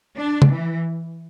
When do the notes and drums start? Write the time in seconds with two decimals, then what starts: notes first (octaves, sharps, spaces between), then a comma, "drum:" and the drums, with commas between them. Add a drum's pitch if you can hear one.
0.17 D4
0.42 drum: tom
0.52 E3